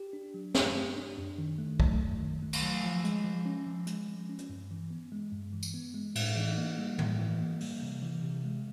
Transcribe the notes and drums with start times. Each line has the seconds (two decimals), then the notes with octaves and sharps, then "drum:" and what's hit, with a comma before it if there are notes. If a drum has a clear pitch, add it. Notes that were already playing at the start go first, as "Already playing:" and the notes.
Already playing: G4
0.13 D4
0.34 F#3
0.54 B3, drum: snare
0.76 G4
0.96 D4
1.18 F#2
1.38 D#3
1.58 A3
1.80 F#3, drum: kick
2.01 F#2
2.21 D#3
2.42 A3
2.53 drum: cymbal
2.63 F#3
2.84 F3
3.04 G#3, drum: hi-hat
3.24 F3
3.46 C#4
3.67 F3
3.87 G#3, drum: hi-hat
4.08 F3
4.29 C#4
4.39 drum: hi-hat
4.49 G2
4.71 E3
4.90 B3
5.12 G#3
5.32 G2
5.53 E3
5.63 drum: tambourine
5.74 B3
5.94 G#3
6.15 A2, drum: cymbal
6.36 E3
6.58 A#3
6.78 G3
6.98 A2, drum: tom
7.19 E3
7.40 A#3
7.61 G3, drum: open hi-hat
7.82 C3
8.02 E3
8.23 C3
8.45 G#3